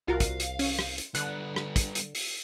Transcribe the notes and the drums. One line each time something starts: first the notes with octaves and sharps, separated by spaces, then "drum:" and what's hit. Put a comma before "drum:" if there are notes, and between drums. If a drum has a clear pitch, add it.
C2 F4 F#4 A#4 F5
drum: kick, hi-hat
drum: hi-hat
C#4, drum: open hi-hat
drum: rim click
drum: hi-hat
D3 G3 B3 F#6, drum: hi-hat
drum: rim click
drum: kick, hi-hat
drum: hi-hat
drum: open hi-hat